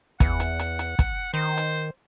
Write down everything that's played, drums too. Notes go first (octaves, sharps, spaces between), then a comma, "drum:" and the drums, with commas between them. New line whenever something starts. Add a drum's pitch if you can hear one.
E2 F#5, drum: kick, hi-hat
drum: hi-hat
drum: hi-hat
drum: hi-hat
drum: kick, hi-hat
D#3 C5
drum: hi-hat